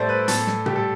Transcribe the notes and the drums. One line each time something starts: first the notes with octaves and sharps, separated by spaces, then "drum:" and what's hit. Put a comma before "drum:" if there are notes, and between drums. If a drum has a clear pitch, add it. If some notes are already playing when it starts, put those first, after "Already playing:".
Already playing: A2 G3 A4 C5 D5 E5
B4
A2 A4, drum: hi-hat
drum: snare
G3 G4, drum: tom A#2
A4